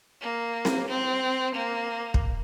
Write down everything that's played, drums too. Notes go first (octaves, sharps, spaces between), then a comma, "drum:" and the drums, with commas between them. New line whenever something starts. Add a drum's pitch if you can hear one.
A#3
drum: snare C4
C4
A#3
drum: kick